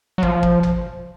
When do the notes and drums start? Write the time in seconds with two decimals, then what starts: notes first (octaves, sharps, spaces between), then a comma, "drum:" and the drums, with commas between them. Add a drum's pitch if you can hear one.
0.18 F#3
0.23 F3, drum: kick
0.43 drum: kick
0.63 drum: tom